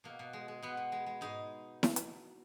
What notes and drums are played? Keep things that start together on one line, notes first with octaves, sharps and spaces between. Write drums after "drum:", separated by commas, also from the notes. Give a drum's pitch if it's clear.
B2 A#3
B2
G#3
G#3
B2 B3
B2
G#3
G#3
G#2 D#4
drum: snare E4
drum: hi-hat